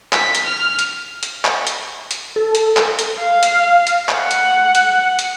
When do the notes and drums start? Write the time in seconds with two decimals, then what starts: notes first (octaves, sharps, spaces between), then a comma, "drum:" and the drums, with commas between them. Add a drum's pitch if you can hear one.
0.13 B6, drum: clap
0.35 drum: hi-hat
0.45 F6
0.79 drum: hi-hat
1.23 drum: hi-hat
1.45 drum: clap
1.67 drum: hi-hat
2.11 drum: hi-hat
2.36 A4
2.55 drum: hi-hat
2.77 drum: clap
2.99 drum: hi-hat
3.19 F5
3.43 drum: hi-hat
3.87 drum: hi-hat
4.09 drum: clap
4.19 F#5
4.31 drum: hi-hat
4.75 drum: hi-hat
5.19 drum: hi-hat